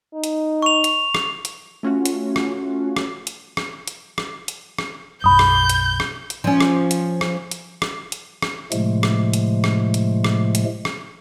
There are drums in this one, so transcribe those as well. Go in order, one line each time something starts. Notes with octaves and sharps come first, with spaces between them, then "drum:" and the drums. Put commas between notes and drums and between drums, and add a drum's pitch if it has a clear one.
D#4
drum: hi-hat
C#6 F7
drum: hi-hat
drum: rim click
drum: hi-hat
A3 C#4 F4 F#4
drum: hi-hat
drum: rim click
drum: rim click
drum: hi-hat
drum: rim click
drum: hi-hat
drum: rim click
drum: hi-hat
drum: rim click
B1 F#2 B5 D#6 G6
drum: rim click
drum: hi-hat
drum: rim click
drum: hi-hat
F3 C#4
drum: rim click
drum: hi-hat
drum: rim click
drum: hi-hat
drum: rim click
drum: hi-hat
drum: rim click
A2 C3 F3 G#3 A3, drum: hi-hat
drum: rim click
drum: hi-hat
drum: rim click
drum: hi-hat
drum: rim click
drum: hi-hat
drum: rim click